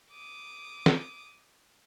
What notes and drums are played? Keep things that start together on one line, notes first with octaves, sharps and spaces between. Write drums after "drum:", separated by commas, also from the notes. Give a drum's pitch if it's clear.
D6 D#6
drum: snare